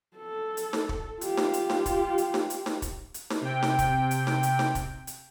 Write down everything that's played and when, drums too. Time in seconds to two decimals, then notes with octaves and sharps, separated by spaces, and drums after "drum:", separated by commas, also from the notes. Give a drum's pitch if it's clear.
0.17 A4
0.57 drum: hi-hat
0.73 drum: snare
0.89 drum: kick
1.21 F4 G4, drum: hi-hat
1.37 drum: snare
1.53 drum: hi-hat
1.70 drum: snare
1.86 drum: kick, hi-hat
2.18 drum: hi-hat
2.34 drum: snare
2.50 drum: hi-hat
2.66 drum: snare
2.82 drum: kick, hi-hat
3.14 drum: hi-hat
3.30 drum: snare
3.41 C3 G5
3.63 drum: snare
3.79 drum: kick, hi-hat
4.11 drum: hi-hat
4.27 drum: snare
4.43 drum: hi-hat
4.59 drum: snare
4.75 drum: kick, hi-hat
5.07 drum: hi-hat